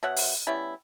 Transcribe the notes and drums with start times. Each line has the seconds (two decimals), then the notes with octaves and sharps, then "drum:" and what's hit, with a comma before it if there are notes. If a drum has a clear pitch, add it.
0.03 B2 C#5 E5 F#5
0.16 drum: open hi-hat
0.47 G3 B3 C#4 E4